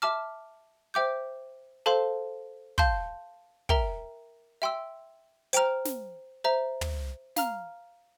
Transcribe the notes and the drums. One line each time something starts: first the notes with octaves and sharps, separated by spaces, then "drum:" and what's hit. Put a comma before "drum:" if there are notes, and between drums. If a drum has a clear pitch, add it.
E5 A5 D6 F6
C5 E5 G5 D6 G6
A4 C5 F5 A5 C6
F5 A5 C6 G6, drum: kick
A#4 E5 G5 A#5, drum: kick
E5 G5 C6 E6
C5 G5 A#5 F6, drum: hi-hat
drum: snare
C5 E5 A#5
drum: tom
F5 A#5 F6, drum: snare